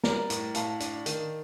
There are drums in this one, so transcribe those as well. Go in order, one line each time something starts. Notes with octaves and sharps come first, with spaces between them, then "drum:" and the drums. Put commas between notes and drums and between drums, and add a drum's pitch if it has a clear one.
G3 A#4 D5, drum: snare
A2, drum: hi-hat
A2 F5 A5, drum: hi-hat
D4, drum: hi-hat
D#3, drum: hi-hat